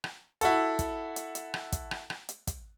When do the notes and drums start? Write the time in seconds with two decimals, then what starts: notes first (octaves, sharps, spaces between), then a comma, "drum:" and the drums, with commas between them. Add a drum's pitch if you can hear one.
0.04 drum: rim click
0.41 E4 F#4 A4, drum: hi-hat
0.79 drum: kick, hi-hat
1.16 drum: hi-hat
1.35 drum: hi-hat
1.54 drum: rim click
1.72 drum: kick, hi-hat
1.91 drum: rim click
2.10 drum: rim click
2.29 drum: hi-hat
2.47 drum: kick, hi-hat